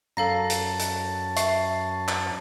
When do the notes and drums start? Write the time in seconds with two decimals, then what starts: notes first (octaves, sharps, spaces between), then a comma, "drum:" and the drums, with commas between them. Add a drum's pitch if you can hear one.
0.17 F#2 C#4 A4 F5 A5 A#5 A#6
0.50 drum: hi-hat
0.79 drum: hi-hat
1.36 E5 C#6 C7, drum: hi-hat
2.08 drum: clap